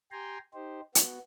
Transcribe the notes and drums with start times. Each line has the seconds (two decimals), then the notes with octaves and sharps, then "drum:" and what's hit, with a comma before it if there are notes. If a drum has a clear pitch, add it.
0.12 G4 G5 G#5 A#5 C6
0.54 D#4 G4 C5
0.95 B3 F#4, drum: hi-hat